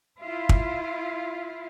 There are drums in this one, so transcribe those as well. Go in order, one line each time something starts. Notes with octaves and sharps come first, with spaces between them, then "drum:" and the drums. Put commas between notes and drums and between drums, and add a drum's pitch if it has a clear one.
E4 F4
drum: kick